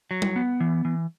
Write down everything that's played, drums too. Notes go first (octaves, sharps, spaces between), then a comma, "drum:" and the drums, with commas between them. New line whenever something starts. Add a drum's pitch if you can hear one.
F#3
drum: tom G3
B3
E3
E3